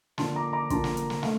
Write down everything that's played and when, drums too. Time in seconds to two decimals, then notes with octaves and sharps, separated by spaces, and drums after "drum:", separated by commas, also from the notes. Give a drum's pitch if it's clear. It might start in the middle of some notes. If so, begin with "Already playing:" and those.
0.18 D3 F3 A#3 A5 C6, drum: snare
0.36 A#5 D6
0.53 A#5 D6
0.70 D3 F3 A#3 A5 C6, drum: kick, hi-hat
0.84 drum: snare
0.97 drum: hi-hat
1.10 drum: snare
1.23 A3 F5, drum: snare